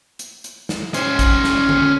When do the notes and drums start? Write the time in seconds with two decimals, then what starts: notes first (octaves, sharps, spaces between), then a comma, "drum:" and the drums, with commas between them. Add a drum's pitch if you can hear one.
0.19 drum: hi-hat
0.44 drum: hi-hat
0.69 drum: snare
0.94 C#4 C5, drum: hi-hat
1.19 drum: kick A1, hi-hat
1.44 drum: snare
1.69 drum: tom D3